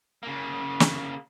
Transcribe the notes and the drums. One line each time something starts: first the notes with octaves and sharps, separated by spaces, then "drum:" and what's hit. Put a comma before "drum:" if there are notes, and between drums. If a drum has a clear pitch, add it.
C#3 A#3
drum: snare